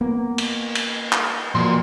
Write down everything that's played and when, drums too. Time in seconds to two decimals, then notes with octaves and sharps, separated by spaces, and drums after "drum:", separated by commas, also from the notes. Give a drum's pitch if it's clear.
0.01 A#3 B3
0.38 drum: cymbal
0.75 drum: cymbal
1.12 drum: clap
1.55 A#2 F3 F#4 C6